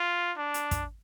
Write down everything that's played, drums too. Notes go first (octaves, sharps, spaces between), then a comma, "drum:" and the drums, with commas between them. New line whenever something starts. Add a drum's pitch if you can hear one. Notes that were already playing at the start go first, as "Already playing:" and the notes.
Already playing: F4
D4
drum: hi-hat
drum: kick, hi-hat